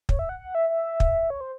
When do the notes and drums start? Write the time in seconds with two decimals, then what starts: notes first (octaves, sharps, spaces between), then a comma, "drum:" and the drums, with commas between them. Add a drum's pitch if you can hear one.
0.09 C#5, drum: kick
0.19 E5
0.29 F#5
0.40 F#5
0.55 E5
0.69 E5
1.00 drum: kick
1.30 C#5
1.41 C5